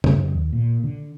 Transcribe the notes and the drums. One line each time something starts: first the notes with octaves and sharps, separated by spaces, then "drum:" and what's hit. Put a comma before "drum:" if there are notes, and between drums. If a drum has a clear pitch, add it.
G2, drum: tom
F#2
D#2
A#2
D3